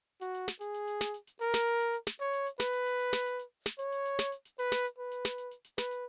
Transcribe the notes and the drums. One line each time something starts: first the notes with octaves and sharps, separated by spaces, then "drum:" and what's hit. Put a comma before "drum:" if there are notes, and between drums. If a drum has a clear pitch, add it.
F#4, drum: hi-hat
drum: hi-hat
drum: snare
G#4, drum: hi-hat
drum: hi-hat
drum: hi-hat
drum: snare
drum: hi-hat
drum: hi-hat
A#4, drum: hi-hat
drum: snare
drum: hi-hat
drum: hi-hat
drum: hi-hat
drum: snare
C#5
drum: hi-hat
drum: hi-hat
B4, drum: snare
drum: hi-hat
drum: hi-hat
drum: hi-hat
drum: snare
drum: hi-hat
drum: hi-hat
drum: snare
C#5, drum: hi-hat
drum: hi-hat
drum: hi-hat
drum: snare
drum: hi-hat
drum: hi-hat
B4, drum: hi-hat
drum: snare
drum: hi-hat
B4
drum: hi-hat
drum: snare
drum: hi-hat
drum: hi-hat
drum: hi-hat
B4, drum: snare
drum: hi-hat